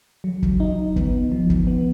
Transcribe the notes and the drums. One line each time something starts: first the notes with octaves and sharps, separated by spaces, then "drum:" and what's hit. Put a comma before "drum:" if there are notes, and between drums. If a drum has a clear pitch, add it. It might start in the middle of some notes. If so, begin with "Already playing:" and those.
F#3
drum: kick
D#4
B3, drum: kick
F3
drum: kick
B3